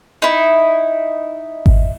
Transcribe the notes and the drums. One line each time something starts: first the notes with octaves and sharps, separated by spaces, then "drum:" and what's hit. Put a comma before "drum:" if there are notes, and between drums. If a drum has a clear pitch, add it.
D#4 E4
drum: kick G#1